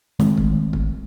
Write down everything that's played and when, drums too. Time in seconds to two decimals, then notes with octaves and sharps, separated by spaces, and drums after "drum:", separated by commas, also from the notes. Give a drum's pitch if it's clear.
0.20 D#3 G#3 A3 C4, drum: snare
0.37 drum: kick
0.73 drum: kick